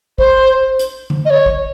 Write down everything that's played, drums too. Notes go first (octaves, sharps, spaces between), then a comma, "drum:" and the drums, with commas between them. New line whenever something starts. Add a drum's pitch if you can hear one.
C5, drum: kick
drum: hi-hat
drum: tom D3
D#5
C#5
drum: kick